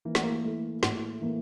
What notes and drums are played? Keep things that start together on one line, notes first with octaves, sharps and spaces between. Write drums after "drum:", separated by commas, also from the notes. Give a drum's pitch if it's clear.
E3 A#3
A3, drum: snare
A#3
A3 E4 A4
A2, drum: snare
E3 A#3